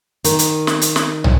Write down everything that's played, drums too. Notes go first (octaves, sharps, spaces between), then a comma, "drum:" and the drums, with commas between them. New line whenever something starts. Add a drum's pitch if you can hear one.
D#3, drum: hi-hat
drum: hi-hat
drum: snare
drum: hi-hat
drum: snare
drum: tom